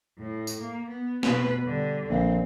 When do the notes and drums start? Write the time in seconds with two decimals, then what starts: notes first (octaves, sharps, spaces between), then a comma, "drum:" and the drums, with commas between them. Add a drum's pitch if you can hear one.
0.18 A2
0.47 drum: tambourine
0.60 A#3
0.89 B3
1.23 B2 B4, drum: snare
1.61 D3 G3
2.10 A#1 C4